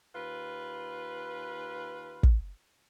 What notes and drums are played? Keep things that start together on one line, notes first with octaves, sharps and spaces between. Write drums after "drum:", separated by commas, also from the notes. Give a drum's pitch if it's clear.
D#2 F4 B4
drum: kick